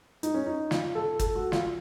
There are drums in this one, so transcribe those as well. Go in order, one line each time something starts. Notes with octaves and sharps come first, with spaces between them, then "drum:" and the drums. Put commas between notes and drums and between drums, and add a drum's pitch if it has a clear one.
D#4, drum: hi-hat
C#4
D#4
F4, drum: snare
A4
A4, drum: kick, hi-hat
F#4
F4, drum: snare